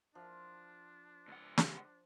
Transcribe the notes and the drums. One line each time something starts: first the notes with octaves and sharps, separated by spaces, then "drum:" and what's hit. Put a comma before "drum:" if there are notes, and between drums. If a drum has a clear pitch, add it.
F3 D4
C#2 F#5
drum: snare